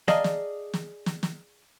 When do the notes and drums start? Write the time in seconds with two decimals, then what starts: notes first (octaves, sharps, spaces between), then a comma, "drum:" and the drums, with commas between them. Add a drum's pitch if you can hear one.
0.08 G#4 D5 D#5 F5 A5 A#5, drum: snare
0.24 drum: snare
0.74 drum: snare
1.06 drum: snare
1.23 drum: snare